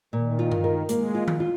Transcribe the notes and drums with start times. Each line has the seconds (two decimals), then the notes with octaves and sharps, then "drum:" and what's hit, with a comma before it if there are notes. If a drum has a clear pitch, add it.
0.13 A#2 D#3
0.39 F4
0.52 drum: tom G2
0.64 A#4
0.89 G#3 A#3, drum: hi-hat
1.15 F4
1.28 drum: tom D#3
1.40 F4